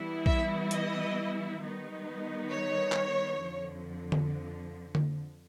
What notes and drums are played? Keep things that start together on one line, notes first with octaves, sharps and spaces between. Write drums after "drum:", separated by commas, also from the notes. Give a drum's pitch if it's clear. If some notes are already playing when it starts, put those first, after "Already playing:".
Already playing: E3 G3 B3 E4
E5, drum: kick A#1
D#5, drum: hi-hat
D#3 G3 B3 D#4
C#5
drum: clap
F2 D3 F3
drum: tom D3
drum: tom D3